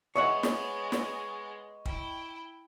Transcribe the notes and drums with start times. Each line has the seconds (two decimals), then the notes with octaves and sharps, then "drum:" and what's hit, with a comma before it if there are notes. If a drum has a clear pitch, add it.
0.16 G#3 B3 C#5 D#5 E5 F#5 C#6
0.43 drum: snare
0.92 drum: snare
1.85 E4 G5, drum: kick